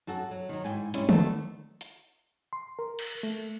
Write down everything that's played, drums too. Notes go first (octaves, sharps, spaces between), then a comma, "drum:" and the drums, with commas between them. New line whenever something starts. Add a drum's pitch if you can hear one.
F#2 F#4 A4 F#5
F#3
D#3 F#3
G#2 E4 G5 G#5
G3 G#3 C#4 E4 G#4, drum: hi-hat
D#2 D#3 A3 B3 D4, drum: tom D3
drum: hi-hat
C6
A#4
drum: cymbal
A3